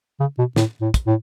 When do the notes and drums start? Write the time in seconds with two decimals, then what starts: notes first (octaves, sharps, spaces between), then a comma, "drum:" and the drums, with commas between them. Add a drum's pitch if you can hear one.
0.20 C#3
0.38 B2
0.56 A2, drum: snare
0.81 A2
0.94 drum: kick, hi-hat
1.07 A2